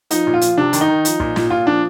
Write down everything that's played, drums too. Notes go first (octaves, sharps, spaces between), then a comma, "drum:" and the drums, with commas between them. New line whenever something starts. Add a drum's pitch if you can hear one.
F3 D#4, drum: hi-hat
A#2
F4
F3, drum: hi-hat
C3 D4
D#3, drum: hi-hat
D#4
D#3
F3, drum: hi-hat
A#2, drum: kick
A#2, drum: snare
A#2 F4
F3 D4